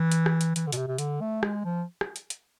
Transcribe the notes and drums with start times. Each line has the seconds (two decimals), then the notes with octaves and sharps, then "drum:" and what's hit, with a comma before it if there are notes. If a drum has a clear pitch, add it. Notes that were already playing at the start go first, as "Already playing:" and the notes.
Already playing: E3
0.12 drum: hi-hat
0.26 drum: rim click
0.41 drum: hi-hat
0.56 E3, drum: hi-hat
0.67 D3
0.72 B2, drum: hi-hat
0.77 C3
0.88 C3
0.98 D3, drum: hi-hat
1.21 A3
1.43 G#3, drum: rim click
1.65 F3
2.01 drum: rim click
2.16 drum: hi-hat
2.30 drum: hi-hat